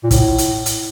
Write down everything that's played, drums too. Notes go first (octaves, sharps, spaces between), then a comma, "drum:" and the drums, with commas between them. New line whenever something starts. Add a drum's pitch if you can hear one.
A#2
A2, drum: kick, hi-hat
drum: hi-hat
drum: hi-hat